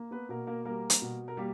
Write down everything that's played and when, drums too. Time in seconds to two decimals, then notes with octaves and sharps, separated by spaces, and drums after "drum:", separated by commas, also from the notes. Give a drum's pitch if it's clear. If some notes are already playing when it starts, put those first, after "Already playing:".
Already playing: A#3
0.11 B3 B4
0.29 B2 A#3 A#4
0.47 A#3 A#4
0.65 G3 A#3 A#4
0.90 drum: hi-hat
1.02 B2
1.28 A#4
1.37 G3 A#3 G4